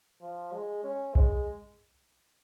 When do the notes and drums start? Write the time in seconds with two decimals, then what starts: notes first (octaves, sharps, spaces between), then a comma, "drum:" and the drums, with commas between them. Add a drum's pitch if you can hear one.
0.21 F3
0.53 G#3
0.84 C#4
1.15 G#3, drum: kick A#1